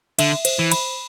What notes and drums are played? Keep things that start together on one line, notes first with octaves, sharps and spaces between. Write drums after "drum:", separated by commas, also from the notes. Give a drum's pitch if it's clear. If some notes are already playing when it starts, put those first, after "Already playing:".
D3 E5, drum: cymbal
C5, drum: cymbal
E3
B5, drum: cymbal